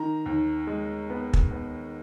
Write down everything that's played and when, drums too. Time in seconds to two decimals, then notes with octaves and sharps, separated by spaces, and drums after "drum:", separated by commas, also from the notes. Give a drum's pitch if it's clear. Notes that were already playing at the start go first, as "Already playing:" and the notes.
Already playing: D#3 A#5
0.26 D#2
0.67 G#3
1.10 B3
1.33 drum: kick
1.51 B3